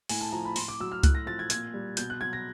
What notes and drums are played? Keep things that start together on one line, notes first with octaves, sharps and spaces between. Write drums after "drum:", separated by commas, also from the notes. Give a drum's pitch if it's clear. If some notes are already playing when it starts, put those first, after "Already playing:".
A2 G#5, drum: open hi-hat
A5
F3 A#5
B5
A2 C6, drum: open hi-hat
D6
F#3 E6
F6
A2 F#6, drum: kick C#2, hi-hat
A#6
F3 A6
G#6
A#2 G#6, drum: hi-hat
G3
B2 G6, drum: hi-hat
F#6
F#3 G#6
A#6